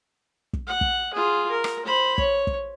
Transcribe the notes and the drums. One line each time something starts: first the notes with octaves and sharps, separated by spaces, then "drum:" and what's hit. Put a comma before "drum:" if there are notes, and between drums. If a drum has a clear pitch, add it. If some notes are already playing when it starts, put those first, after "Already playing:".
drum: kick
F#5
drum: kick
F4 G#4
A#4
drum: rim click
C5 B5
C#5, drum: kick
drum: kick